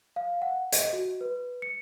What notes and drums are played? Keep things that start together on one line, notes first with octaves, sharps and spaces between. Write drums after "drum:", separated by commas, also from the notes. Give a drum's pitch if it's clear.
F5
F#5
D#5, drum: hi-hat
F#4
B4
C#7